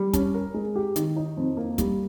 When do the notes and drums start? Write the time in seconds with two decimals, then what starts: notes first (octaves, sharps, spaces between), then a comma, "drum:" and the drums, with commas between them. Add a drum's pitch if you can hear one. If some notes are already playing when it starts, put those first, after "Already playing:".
Already playing: G3
0.13 C#4, drum: kick, hi-hat
0.34 A#4
0.54 G#3
0.76 G4
0.96 D#3, drum: hi-hat
1.16 D#4
1.37 F2
1.57 A#3
1.78 G3, drum: kick, hi-hat